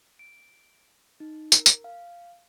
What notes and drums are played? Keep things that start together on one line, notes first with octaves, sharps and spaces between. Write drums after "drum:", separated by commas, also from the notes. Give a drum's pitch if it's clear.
D7
D#4
A#4, drum: tambourine
drum: tambourine
F5